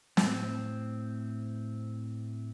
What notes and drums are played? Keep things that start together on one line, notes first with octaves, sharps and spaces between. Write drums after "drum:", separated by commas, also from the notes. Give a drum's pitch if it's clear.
A2 C4, drum: snare